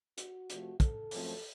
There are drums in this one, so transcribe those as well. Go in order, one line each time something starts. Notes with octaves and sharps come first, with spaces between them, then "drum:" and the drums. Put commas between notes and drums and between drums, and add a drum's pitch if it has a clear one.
F#4, drum: hi-hat
C3 F3 A3, drum: hi-hat
A4, drum: kick, hi-hat
F#2 F3 A3 C4, drum: open hi-hat